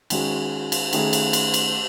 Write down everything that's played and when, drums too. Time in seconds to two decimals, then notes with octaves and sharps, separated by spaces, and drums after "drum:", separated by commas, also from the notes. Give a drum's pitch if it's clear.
0.10 D#3 G#3 C#4 F#4, drum: cymbal
0.72 drum: cymbal
0.93 D#3 A3 C#4 G#4, drum: cymbal
1.13 drum: cymbal
1.33 drum: cymbal
1.54 drum: cymbal